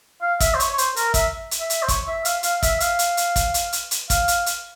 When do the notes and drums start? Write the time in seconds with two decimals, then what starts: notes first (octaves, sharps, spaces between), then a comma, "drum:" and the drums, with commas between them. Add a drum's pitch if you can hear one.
0.22 F5
0.40 E5, drum: kick, hi-hat
0.54 C5
0.60 C#5, drum: hi-hat
0.71 C#5
0.78 C5, drum: hi-hat
0.96 A#4, drum: hi-hat
1.14 E5, drum: kick, hi-hat
1.51 drum: hi-hat
1.61 E5
1.70 drum: hi-hat
1.83 C5
1.88 C#5, drum: kick, hi-hat
2.07 E5
2.25 F5, drum: hi-hat
2.43 F5, drum: hi-hat
2.63 E5, drum: kick, hi-hat
2.80 F5, drum: hi-hat
2.99 drum: hi-hat
3.17 drum: hi-hat
3.36 drum: kick, hi-hat
3.54 drum: hi-hat
3.73 drum: hi-hat
3.91 drum: hi-hat
4.10 F5, drum: kick, hi-hat
4.28 drum: hi-hat
4.46 drum: hi-hat